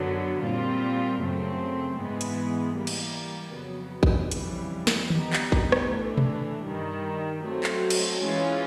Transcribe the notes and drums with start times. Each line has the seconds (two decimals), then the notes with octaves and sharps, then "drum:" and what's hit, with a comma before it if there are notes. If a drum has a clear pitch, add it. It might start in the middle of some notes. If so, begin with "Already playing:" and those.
Already playing: F#2 D3 F#3 B3
0.42 A#2 G3 C4 F4
1.20 F#2 C#3 F#3 A3 C4
1.98 G#2 E3 G#3 B3
2.21 drum: hi-hat
2.76 E3 G3 A#3
2.87 drum: cymbal
3.54 F2 C#3 F#3 B3
4.03 drum: kick
4.31 F2 C#3 E3 G3, drum: hi-hat
4.87 drum: snare
5.10 D3 G3 B3 D#4 G4, drum: tom
5.33 drum: clap
5.52 drum: kick
5.72 drum: rim click
5.88 A2 E3 A3 D4
6.17 drum: tom B2
6.66 G2 D#3 G3
7.44 F#3 A3 C4
7.64 drum: clap
7.90 drum: cymbal
8.22 E3 G#3 C#4 F4